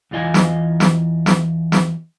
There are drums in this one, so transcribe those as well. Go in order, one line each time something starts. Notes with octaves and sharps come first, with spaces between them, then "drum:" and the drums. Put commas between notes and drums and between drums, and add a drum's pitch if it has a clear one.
E2 E3 F4 D#5 G#5
drum: snare
drum: snare
drum: snare
drum: snare